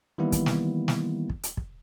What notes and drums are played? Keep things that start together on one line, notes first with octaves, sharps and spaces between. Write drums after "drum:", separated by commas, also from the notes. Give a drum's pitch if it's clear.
D#3 E3 G3 A#3 B3 E4
drum: kick, hi-hat
drum: snare
drum: snare
drum: kick
drum: hi-hat
drum: kick